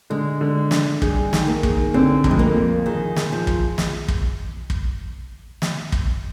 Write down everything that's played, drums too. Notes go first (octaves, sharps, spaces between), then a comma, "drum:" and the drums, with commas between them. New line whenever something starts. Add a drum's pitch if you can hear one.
D3 G#3
D3
D4, drum: snare
G3 G#3, drum: kick
D#3, drum: snare
A#3
G#3, drum: kick
D3 C4
F2, drum: kick
G#3
A#3
F3
D#3 G#3
G#3, drum: snare
F3
drum: kick
drum: snare
drum: kick
drum: kick
drum: snare
drum: kick